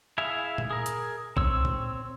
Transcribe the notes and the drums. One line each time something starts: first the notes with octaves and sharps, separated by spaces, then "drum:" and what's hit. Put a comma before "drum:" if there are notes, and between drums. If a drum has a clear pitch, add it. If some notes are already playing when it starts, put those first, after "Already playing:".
E4 G#4 E5 F5 G#5
drum: tom A#2
G#4 A#4
drum: hi-hat
C4 C#5 E6, drum: kick B1
drum: tom A#2